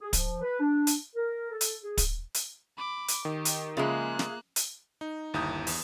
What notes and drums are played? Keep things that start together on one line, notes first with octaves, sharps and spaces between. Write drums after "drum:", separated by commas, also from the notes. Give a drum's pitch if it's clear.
G#4
F3, drum: kick, hi-hat
B4
D4
drum: hi-hat
A#4
A4
drum: hi-hat
G#4
drum: kick, hi-hat
drum: hi-hat
B5 D6
drum: hi-hat
D#3 G4
drum: hi-hat
C#3 F3 G#3 A#3 F4 G#4 E5 F#6
drum: snare
drum: hi-hat
D#4
G1 D#2 E4 A#5 D#6 G6
E2, drum: open hi-hat